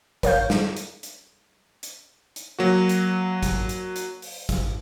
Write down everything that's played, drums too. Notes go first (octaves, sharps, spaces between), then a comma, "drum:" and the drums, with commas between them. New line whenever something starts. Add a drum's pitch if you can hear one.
A#4 C#5 F5 G6, drum: kick, hi-hat
drum: snare
drum: hi-hat
drum: hi-hat
drum: hi-hat
drum: hi-hat
F#3 A#3 F#4
drum: hi-hat
drum: kick, hi-hat
drum: hi-hat
drum: hi-hat
drum: open hi-hat
drum: kick, hi-hat